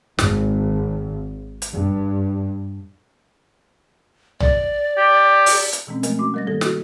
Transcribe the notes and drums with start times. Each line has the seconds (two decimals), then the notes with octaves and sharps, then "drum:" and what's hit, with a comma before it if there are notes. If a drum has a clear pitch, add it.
0.19 G#1, drum: snare
1.62 drum: hi-hat
1.73 G2
4.40 D5, drum: tom
4.97 G4
5.46 drum: open hi-hat
5.73 drum: hi-hat
5.87 B2 E3 G#3 C4 C#4
6.03 F3 G#3 A3 A#4 D#5, drum: hi-hat
6.18 C#4 F#4 D6
6.34 G3 A#4 D#5 A6 A#6
6.47 G#2 D#3 A#3 G4 A4 A#6
6.61 E4 F#4 A4 D#5, drum: snare